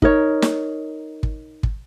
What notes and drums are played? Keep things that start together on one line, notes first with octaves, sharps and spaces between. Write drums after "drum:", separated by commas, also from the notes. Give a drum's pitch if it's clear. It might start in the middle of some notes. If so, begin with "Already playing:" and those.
D#4 A#4 C#5, drum: kick
drum: snare
drum: kick
drum: kick